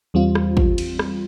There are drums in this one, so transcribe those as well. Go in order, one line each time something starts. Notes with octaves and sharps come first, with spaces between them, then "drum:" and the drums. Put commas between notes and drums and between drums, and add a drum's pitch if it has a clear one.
E2 G3 C4 F4
drum: rim click
drum: kick
drum: cymbal
drum: rim click